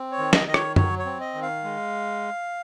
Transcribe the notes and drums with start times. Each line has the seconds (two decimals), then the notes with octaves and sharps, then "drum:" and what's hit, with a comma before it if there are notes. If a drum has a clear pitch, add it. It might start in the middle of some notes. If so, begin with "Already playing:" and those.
Already playing: C4
0.12 C#5
0.18 D#3
0.33 D#5, drum: snare
0.47 D#3 D#5
0.54 C#5, drum: rim click
0.76 F#3 C#5, drum: tom F#2
0.99 C#5
1.06 C4
1.20 D#5
1.35 D#3
1.42 F5
1.64 G#3